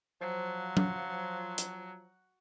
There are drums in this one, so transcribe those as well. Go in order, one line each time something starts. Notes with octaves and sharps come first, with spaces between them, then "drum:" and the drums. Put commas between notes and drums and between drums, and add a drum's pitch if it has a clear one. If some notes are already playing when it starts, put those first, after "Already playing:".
F3 F#3
drum: tom F#3
drum: hi-hat